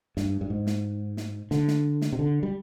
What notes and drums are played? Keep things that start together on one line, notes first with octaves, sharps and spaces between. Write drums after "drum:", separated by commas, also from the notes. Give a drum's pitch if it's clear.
G2, drum: snare
G2
G#2
drum: snare
drum: snare
D3, drum: snare
drum: snare
drum: snare
C3
D3
G3